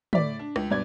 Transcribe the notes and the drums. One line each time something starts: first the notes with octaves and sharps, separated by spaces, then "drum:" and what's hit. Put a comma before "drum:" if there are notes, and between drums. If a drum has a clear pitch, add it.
A2 D5 B6, drum: tom
D4
C#2, drum: rim click
G2 B2 D5 G#6